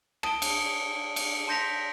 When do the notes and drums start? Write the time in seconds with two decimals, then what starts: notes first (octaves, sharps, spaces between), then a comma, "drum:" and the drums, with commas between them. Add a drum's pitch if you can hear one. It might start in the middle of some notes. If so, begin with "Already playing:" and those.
0.23 A5 D#6 D7 G7, drum: rim click
0.42 drum: cymbal
1.16 drum: cymbal
1.47 A5 C6 G6 A#6 B6 F7